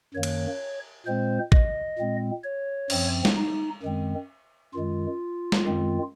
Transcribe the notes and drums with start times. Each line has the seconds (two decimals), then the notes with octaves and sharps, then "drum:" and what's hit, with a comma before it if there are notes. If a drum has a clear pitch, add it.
0.14 F#2 D#3 A#3 C#5
0.23 drum: cymbal
1.06 A#2 G#3 C4 C5
1.52 D#5, drum: kick A1
1.98 A#2 G#3 C4
2.44 C#5
2.90 F#2 F3 C4, drum: cymbal
3.25 drum: snare
3.37 D#4
3.83 F#2 D#3 G#3 C4
4.74 F#2 D#3 G#3 F4
5.52 drum: snare
5.67 F#2 D#3 G#3 C4